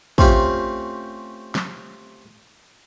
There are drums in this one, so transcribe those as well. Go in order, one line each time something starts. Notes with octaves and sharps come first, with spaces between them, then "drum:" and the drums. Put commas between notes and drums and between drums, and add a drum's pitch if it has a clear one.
A3 C4 C#4 F4 G4, drum: kick
drum: snare